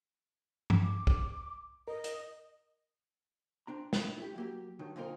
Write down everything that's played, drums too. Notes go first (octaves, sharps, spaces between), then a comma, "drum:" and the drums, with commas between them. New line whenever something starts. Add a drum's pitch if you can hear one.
drum: tom G2
D6
drum: kick
A#4 D#5
drum: hi-hat
C4 D4 A#5
drum: snare
E4 G4
F#3 A#3 G4
G2 D#3 F#3
A#2 D3 C4 D#4 A#4